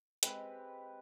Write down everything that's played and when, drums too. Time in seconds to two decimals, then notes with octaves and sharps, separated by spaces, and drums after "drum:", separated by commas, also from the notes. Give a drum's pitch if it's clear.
0.23 G#3 C4 G4 B4, drum: hi-hat